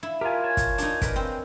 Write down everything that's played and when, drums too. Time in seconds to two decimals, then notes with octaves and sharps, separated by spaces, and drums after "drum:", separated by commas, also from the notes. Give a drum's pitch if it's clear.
0.03 E4
0.21 F4 G4 A#4 G#5
0.44 C#5 G#5 A5
0.57 drum: kick, hi-hat
0.78 D4 D#4, drum: hi-hat
1.02 A#4 B4, drum: kick, hi-hat
1.16 C4